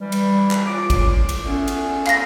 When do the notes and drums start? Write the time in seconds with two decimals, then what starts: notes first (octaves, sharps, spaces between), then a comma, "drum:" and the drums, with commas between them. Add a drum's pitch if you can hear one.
0.01 E3 G3
0.12 drum: cymbal
0.51 drum: clap
0.67 C#4 F4 D6
0.90 drum: kick G#1, cymbal
1.29 drum: cymbal
1.45 A3 B3 C#4
1.68 drum: cymbal
2.07 F5 A#6, drum: clap